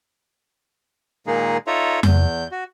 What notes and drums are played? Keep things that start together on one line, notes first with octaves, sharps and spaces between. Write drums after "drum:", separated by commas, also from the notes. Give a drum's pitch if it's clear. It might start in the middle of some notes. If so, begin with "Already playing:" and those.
A#2 D#3 G#3 A#3 D#4 G#4
D#4 F4 A4 C#5 E5 A#5
E2 G6, drum: tom F2
F#4